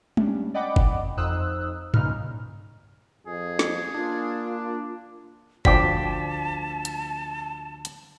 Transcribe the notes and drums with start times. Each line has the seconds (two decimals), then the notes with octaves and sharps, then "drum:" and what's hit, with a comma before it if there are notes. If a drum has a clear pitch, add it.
0.17 G3 C#4 D4, drum: tom
0.54 D5 D#5 F#5 G5 B5 D6
0.76 drum: kick F#1
1.17 F2 D#4 C5 D#6 E6 F#6
1.94 C2 A#2 C#3 D#4 B4 F6, drum: tom G2
3.26 F2 G#4
3.59 drum: snare
3.94 A#3 D4 F4
5.65 D2 F3 D5 G5 A5 D6 B6, drum: kick F#1
6.85 drum: hi-hat
7.85 drum: hi-hat